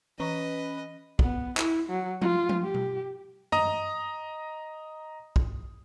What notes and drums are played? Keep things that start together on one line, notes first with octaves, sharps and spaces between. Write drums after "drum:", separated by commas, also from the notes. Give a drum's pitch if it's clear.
E3 C#4 B4 D#5 A#5 C#6
B3, drum: kick
E4, drum: clap
F#3
F4, drum: tom F3
drum: tom F3
G4
drum: tom B2
D#5 A#5 D#6, drum: tom F#2
drum: kick